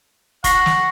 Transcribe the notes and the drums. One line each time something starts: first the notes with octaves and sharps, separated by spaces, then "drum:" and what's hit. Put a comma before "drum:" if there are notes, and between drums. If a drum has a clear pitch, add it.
F#5 C#6 A#6 C7, drum: kick, hi-hat
drum: snare